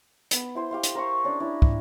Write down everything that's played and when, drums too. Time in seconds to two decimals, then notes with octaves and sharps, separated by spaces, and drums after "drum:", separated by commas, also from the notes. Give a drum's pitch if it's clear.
0.31 B3, drum: hi-hat
0.55 E4 C5 C6
0.71 G4 F5 C6
0.83 drum: hi-hat
0.95 A#4 C5 C#6
1.24 C#4 D4
1.40 D4 E4
1.62 drum: kick